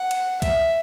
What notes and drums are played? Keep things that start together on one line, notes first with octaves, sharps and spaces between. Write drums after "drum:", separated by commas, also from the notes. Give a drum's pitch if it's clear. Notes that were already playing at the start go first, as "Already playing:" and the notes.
Already playing: F#5
drum: cymbal
E5, drum: kick C2, cymbal